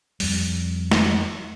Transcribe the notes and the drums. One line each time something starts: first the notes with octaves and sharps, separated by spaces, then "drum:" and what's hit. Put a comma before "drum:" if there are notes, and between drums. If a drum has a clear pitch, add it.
F2 G3, drum: open hi-hat
drum: snare